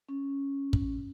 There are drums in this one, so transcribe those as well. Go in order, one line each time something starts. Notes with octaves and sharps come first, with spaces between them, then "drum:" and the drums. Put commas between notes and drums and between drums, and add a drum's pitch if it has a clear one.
C#4
drum: kick